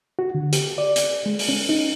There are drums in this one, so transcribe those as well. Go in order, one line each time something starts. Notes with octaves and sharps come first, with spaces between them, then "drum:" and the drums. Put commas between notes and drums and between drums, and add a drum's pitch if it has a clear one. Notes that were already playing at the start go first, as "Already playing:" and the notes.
F#4
D3
G4, drum: hi-hat
D5
drum: hi-hat
G#3
drum: open hi-hat
C#4
D#4